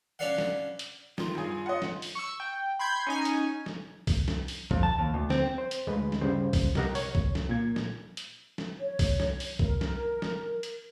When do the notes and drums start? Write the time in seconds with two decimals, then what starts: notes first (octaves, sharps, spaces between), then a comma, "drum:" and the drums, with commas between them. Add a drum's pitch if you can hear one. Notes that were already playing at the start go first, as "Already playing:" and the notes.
0.19 C#4 D4 B4 D5 F5 F#5
0.38 drum: snare
0.79 drum: hi-hat
1.18 D#3 F4, drum: snare
1.35 G2 G#4
1.66 D#5 F#5
1.82 drum: snare
2.02 drum: open hi-hat
2.15 C#6 E6
2.40 G5
2.79 B5 C6 G6 G#6
3.07 C#4 D#4 G#5
3.25 drum: hi-hat
3.66 drum: snare
4.07 drum: kick B1, open hi-hat
4.28 drum: snare
4.48 drum: open hi-hat
4.71 F2, drum: kick B1
4.83 A5
4.99 D#2
5.14 D2
5.30 C4, drum: snare
5.58 C5
5.71 drum: hi-hat
5.87 D2 G#3 B4
6.12 drum: snare
6.21 G2 C#3 G3 C5
6.53 drum: kick B1, open hi-hat
6.75 C2 G4 A#4 D#5 F#5 A#5, drum: snare
6.95 C#5, drum: open hi-hat
7.15 drum: kick B1
7.35 drum: snare
7.49 A#2 G#6
7.76 drum: snare
8.17 drum: hi-hat
8.58 drum: snare
8.79 C#5
8.99 drum: kick B1, open hi-hat
9.20 drum: snare
9.40 drum: open hi-hat
9.59 A#4, drum: kick B1
9.81 drum: snare
10.22 drum: snare
10.63 drum: hi-hat